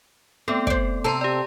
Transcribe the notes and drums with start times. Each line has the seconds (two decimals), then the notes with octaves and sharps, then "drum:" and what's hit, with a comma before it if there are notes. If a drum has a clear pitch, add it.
0.48 A3 B3 C4 A4
0.67 C5 D5, drum: kick
1.04 C3 C4 A4 A5 A#5 C6
1.21 G4 D5